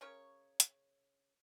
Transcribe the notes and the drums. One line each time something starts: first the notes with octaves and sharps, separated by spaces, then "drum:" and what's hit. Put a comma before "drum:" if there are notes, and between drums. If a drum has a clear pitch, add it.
C#3 C#4 A#4 C#5
drum: hi-hat